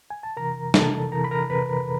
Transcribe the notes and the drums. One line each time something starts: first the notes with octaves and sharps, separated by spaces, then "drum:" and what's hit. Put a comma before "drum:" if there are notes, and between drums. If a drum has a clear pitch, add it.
G#5
A5
C3 E3 A#4 A#5
C3 E3 A4 A5, drum: snare
C3 E3 A#4 A#5
B5
A#4 A#5
C3 E3 B4 B5